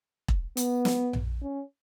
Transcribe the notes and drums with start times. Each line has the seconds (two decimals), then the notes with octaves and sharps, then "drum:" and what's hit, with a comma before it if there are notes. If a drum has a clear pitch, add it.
0.28 drum: kick E1
0.57 B3, drum: hi-hat
0.85 drum: snare
1.13 drum: tom A#1
1.42 C#4